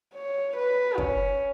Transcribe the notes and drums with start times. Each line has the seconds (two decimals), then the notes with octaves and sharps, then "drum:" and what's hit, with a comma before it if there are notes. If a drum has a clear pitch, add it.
0.15 C#5
0.56 B4
0.98 C#4, drum: kick